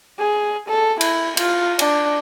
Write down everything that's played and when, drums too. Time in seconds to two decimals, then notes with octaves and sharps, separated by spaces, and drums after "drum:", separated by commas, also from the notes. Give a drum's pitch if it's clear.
0.19 G#4
0.69 A4
1.01 E4, drum: cymbal
1.37 F4, drum: cymbal
1.79 D4, drum: cymbal